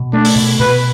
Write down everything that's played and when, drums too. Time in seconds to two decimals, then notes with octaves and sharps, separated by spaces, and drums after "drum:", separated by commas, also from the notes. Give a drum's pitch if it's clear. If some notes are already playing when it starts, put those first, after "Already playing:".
Already playing: B2
0.13 A3 D4
0.25 drum: open hi-hat
0.36 B2
0.60 B2 B4